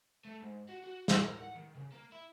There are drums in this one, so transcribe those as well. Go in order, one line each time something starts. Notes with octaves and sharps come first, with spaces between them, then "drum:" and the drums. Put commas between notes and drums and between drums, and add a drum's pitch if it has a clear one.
A3
G#2
F#4
F#4
B1, drum: snare
A#4
F#5
D#3
C#3
A#3
E4